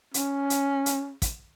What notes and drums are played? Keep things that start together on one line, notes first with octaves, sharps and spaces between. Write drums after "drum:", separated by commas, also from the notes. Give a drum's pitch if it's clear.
C#4, drum: hi-hat
drum: hi-hat
drum: hi-hat
drum: kick, hi-hat